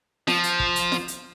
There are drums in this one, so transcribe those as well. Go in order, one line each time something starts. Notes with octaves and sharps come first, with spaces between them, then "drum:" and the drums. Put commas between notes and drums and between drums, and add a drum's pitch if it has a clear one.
F3, drum: snare F4
drum: hi-hat
drum: kick
drum: hi-hat
drum: snare F4
drum: hi-hat